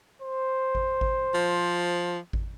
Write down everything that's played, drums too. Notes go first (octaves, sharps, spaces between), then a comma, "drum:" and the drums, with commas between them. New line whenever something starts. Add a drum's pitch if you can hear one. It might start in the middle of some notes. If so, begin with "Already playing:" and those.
C5
drum: kick G#1
drum: kick G#1
F3
drum: kick G#1